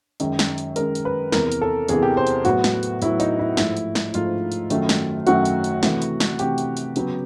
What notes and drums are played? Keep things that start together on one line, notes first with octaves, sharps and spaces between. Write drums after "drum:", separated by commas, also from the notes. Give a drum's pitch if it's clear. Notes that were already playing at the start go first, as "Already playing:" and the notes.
F#2 D#3 G#3, drum: hi-hat
drum: snare
drum: hi-hat
F#2 D#3 G#3 A#4, drum: hi-hat
drum: hi-hat
B4
E2 C3 E3 A#4, drum: snare
drum: hi-hat
A4
E2 C3 E3 G#4, drum: hi-hat
G4
C5
drum: hi-hat
A2 F#3 B3 F#4, drum: hi-hat
drum: snare
drum: hi-hat
A2 F#3 B3 E4, drum: hi-hat
D#4, drum: hi-hat
E4
G#2 F3 A3 E4, drum: snare
drum: hi-hat
drum: snare
G#2 F3 A3 F4, drum: hi-hat
drum: hi-hat
F#2 D#3 F#3 A3, drum: hi-hat
drum: snare
F#2 D#3 F#3 A3 F#4, drum: hi-hat
drum: hi-hat
drum: hi-hat
C3 E3 A3, drum: snare
drum: hi-hat
drum: snare
C3 E3 A3 G4, drum: hi-hat
drum: hi-hat
drum: hi-hat
C#3 F#3 B3, drum: hi-hat